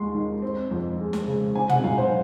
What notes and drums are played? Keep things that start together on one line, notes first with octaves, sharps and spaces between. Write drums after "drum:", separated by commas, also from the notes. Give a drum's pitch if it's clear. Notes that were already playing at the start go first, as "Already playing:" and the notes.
Already playing: D#2 G#3 C6
D#3
C4
F2
G#3
drum: snare
C#3
C4 G#5
F#5, drum: tom
F#2 F5
C5